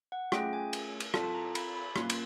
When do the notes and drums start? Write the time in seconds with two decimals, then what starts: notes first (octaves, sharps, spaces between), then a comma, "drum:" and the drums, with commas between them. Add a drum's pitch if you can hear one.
0.12 F#5
0.32 A3 C#4 F4 G#4 G5, drum: rim click
0.53 G#5
0.73 drum: cymbal
1.00 drum: cymbal
1.14 C4 F4 A4 A5, drum: rim click
1.35 A#5
1.55 B5, drum: cymbal
1.76 B5
1.96 A#3 C#4 F4 C6, drum: rim click
2.10 drum: cymbal